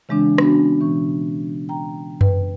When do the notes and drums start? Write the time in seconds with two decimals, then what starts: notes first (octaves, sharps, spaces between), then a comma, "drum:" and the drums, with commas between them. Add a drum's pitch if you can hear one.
0.09 C#3 E3 G#3 C4 D4
0.38 B3 C#4 D4 F#4, drum: rim click
0.81 B2 E3 C#6
1.69 G5 A#5
2.21 B4 G5, drum: tom F#2